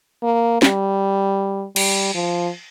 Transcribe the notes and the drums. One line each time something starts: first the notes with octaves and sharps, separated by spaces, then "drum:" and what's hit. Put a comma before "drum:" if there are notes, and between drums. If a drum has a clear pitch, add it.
A#3
G3, drum: snare
G3, drum: cymbal
F3